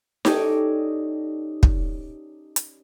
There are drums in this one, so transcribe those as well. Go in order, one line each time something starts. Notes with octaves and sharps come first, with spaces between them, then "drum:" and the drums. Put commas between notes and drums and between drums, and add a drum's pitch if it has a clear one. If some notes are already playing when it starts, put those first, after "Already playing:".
C#4 D#4 G4 A4 C#5 D5, drum: snare D#4
drum: kick
drum: hi-hat